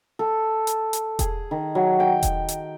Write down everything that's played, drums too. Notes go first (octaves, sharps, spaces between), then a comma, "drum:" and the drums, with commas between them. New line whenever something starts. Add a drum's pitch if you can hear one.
A4
drum: hi-hat
drum: hi-hat
G#4, drum: kick E1, hi-hat
D#3
F#3
G5
drum: kick E1, hi-hat
drum: hi-hat